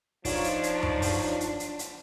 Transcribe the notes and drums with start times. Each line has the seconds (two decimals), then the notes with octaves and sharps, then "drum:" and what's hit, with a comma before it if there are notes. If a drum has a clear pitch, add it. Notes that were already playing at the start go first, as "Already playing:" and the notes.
0.25 F3 D4 D#4 F4 C#5, drum: kick, open hi-hat
0.44 drum: hi-hat
0.63 drum: hi-hat
0.83 drum: tom F#2
1.02 drum: kick, open hi-hat
1.40 drum: hi-hat
1.60 drum: hi-hat
1.79 drum: hi-hat